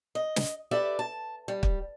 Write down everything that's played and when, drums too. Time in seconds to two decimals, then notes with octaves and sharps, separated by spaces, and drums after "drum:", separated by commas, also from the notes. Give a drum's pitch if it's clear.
0.15 D#5
0.36 drum: snare
0.71 G4 A4 B4 D5 E5
0.99 A5
1.48 G3
1.63 drum: kick